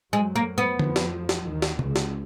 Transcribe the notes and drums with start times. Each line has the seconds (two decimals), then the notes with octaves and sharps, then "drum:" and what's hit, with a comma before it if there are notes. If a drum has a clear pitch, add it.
0.13 F#2 F#3 G#3
0.36 A#3
0.58 B3
0.79 F2 F3, drum: tom D3
0.96 drum: snare
1.29 drum: snare
1.46 D#2 D#3
1.62 drum: snare
1.79 C#2 C#3, drum: tom
1.96 drum: snare